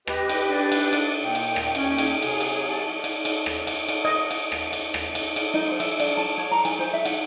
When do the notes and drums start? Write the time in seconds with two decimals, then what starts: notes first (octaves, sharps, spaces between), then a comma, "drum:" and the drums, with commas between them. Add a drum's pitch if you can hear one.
0.07 G4 B4 D#5, drum: rim click
0.29 drum: cymbal
0.48 D4
0.72 drum: cymbal
0.93 drum: cymbal
1.22 A#2 G5
1.35 drum: cymbal
1.56 drum: rim click
1.75 D#2 C#4 G5, drum: cymbal
1.98 drum: cymbal
2.22 C3 F#3 G#4 G#5, drum: cymbal
2.41 drum: cymbal
2.70 A5
3.04 drum: cymbal
3.25 drum: cymbal
3.46 drum: rim click
3.67 drum: cymbal
3.88 drum: cymbal
4.05 D#5
4.31 drum: cymbal
4.52 drum: rim click
4.73 drum: cymbal
4.94 drum: rim click
5.15 drum: cymbal
5.36 drum: cymbal
5.54 D#4
5.68 C5
5.80 E5, drum: cymbal
6.00 D4, drum: cymbal
6.17 A5
6.38 C#5
6.51 A#5
6.65 G#5, drum: cymbal
6.79 C5
6.93 E5
7.05 F#5, drum: cymbal